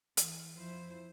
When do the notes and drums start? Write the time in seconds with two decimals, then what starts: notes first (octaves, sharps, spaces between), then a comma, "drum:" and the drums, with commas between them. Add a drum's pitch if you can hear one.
0.17 E3, drum: hi-hat
0.56 F2 F3 E4 C5